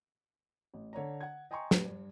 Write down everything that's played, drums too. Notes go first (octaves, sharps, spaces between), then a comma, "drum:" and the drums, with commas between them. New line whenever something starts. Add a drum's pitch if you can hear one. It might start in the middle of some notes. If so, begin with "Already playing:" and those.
A1
D3 C#5 D5 A#5
F#5 G#6
D#5 G5 G#5 A#5 C6 C#6
A2 G3 B4, drum: snare
G2